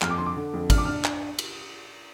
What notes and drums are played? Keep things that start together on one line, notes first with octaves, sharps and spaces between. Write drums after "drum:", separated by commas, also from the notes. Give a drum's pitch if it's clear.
F2 F6, drum: clap
D6
D3 C6
D6
D3
F2
D4 F6, drum: kick, cymbal
D6
D4 F6
drum: clap
drum: cymbal